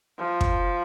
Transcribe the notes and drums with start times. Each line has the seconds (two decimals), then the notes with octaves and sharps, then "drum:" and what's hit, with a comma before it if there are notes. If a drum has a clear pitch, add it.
0.18 F3
0.41 drum: kick